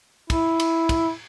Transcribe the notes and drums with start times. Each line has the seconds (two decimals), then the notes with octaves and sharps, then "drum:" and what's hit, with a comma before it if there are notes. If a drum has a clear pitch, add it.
0.30 E4, drum: kick, cymbal
0.60 drum: cymbal
0.89 drum: kick, cymbal